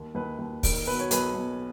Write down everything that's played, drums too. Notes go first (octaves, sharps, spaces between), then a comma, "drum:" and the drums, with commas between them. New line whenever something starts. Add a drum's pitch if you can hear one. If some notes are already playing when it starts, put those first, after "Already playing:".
Already playing: D#2
D#2 B4
D#2
D#3, drum: kick, open hi-hat
B2 B4
C#5
B1 B4, drum: hi-hat
B1